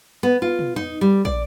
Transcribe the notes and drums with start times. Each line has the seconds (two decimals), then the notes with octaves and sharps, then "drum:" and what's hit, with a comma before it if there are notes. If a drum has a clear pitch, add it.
0.23 B3
0.42 F4
0.59 drum: tom
0.76 D#4, drum: tom
1.01 G3
1.25 D5, drum: kick